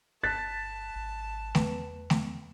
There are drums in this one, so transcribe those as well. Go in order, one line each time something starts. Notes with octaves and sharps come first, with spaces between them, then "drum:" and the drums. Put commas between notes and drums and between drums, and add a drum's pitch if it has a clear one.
G1 A5 F#6 A6 B6
G#1
E2 B4, drum: snare A3
drum: snare A3